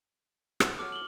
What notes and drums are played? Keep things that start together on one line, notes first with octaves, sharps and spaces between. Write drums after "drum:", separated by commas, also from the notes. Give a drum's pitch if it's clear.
A1 E3 F#5, drum: rim click
F#3 A4 D6 F6
F#7 G7